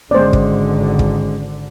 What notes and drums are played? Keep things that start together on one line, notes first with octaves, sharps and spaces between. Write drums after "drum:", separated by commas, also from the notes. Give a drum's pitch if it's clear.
G#1 D3 G#3 C#4 C5 D5
drum: kick
drum: kick